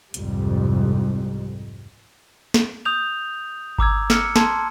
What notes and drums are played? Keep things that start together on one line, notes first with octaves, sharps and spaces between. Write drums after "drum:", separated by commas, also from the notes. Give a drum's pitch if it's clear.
C2 F2 G#2 G3, drum: hi-hat
drum: snare
D#6 G6 F7
A#5 D6 E6 G#6, drum: kick G#1
E6 F6 C#7, drum: snare
A5 C6 G#6, drum: snare